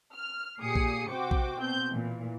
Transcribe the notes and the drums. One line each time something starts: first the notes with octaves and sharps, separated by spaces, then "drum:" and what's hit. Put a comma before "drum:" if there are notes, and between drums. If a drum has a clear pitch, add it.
F6
A#2 G4 G#4 D#6 C7 C#7
drum: kick A#1
C3 F#4 C5 G5 D6
drum: kick A#1
B2 C4 G6
A#2 E3